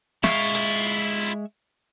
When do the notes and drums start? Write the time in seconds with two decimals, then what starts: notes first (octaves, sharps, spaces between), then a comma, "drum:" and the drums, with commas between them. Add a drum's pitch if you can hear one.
0.24 G#3 E4 F4 E5 C#6, drum: snare
0.55 drum: hi-hat